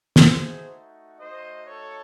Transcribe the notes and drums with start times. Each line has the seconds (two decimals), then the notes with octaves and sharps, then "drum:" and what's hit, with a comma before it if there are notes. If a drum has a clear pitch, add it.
0.16 drum: snare
0.25 A3 D#4 F#4 G#4 C5
1.19 A3 D#4 F#4 C5 D#5
1.66 A4 C#5